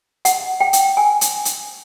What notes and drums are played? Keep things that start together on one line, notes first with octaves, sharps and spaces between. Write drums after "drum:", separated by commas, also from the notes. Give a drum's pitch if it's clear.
F#5, drum: hi-hat
G5
drum: hi-hat
G#5
drum: hi-hat
drum: hi-hat